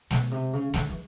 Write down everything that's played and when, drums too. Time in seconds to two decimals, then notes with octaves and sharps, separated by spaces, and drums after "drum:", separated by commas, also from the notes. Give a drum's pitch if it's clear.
0.10 B2, drum: snare
0.31 C3
0.53 C#3
0.74 D3, drum: snare
0.89 E3